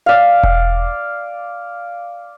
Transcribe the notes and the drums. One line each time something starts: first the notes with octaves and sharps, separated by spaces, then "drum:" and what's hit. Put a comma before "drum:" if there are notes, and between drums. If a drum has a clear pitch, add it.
D5 F5
drum: kick E1